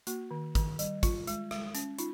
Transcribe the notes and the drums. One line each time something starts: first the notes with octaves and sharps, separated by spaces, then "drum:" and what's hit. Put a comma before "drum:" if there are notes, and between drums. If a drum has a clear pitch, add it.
A#3 F#4, drum: hi-hat
D#3
D#3, drum: kick, hi-hat
G3, drum: hi-hat
F4, drum: kick, hi-hat
G#3, drum: hi-hat
G#3, drum: rim click
C#4, drum: hi-hat
D#4 F4, drum: hi-hat